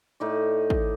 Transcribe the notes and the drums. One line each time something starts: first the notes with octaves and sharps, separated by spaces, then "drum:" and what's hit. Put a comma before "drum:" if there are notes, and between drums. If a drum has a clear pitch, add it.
A2 D#4 D5
drum: kick